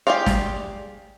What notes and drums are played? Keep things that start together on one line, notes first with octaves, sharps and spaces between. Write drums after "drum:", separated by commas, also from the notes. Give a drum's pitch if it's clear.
G4 G#4 C5 D5 F5
drum: snare